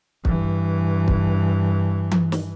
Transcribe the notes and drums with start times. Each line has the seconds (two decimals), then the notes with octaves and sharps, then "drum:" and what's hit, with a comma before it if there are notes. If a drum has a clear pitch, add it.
0.25 G2 E3, drum: kick
1.08 drum: kick
2.11 drum: tom E3
2.32 drum: snare